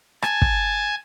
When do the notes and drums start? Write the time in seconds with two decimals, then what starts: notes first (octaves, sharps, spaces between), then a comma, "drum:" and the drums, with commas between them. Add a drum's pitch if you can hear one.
0.22 G#5 A5, drum: rim click
0.42 drum: kick